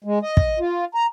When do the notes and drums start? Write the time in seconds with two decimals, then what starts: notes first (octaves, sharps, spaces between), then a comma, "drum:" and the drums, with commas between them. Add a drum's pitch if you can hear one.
0.04 G#3
0.22 D#5
0.37 drum: kick
0.59 F4
0.95 A#5